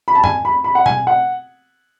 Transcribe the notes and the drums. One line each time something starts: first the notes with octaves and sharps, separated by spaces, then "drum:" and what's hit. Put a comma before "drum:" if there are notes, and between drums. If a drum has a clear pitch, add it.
B5
A5
G#5, drum: tom F2
B5
B5
F#5
G#5, drum: tom B2
F#5